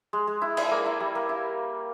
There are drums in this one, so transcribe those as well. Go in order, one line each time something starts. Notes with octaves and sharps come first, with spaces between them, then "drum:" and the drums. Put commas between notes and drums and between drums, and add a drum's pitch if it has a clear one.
G#3
G#3
E4
E4, drum: cymbal
A#3
E4
G3
A#3
E4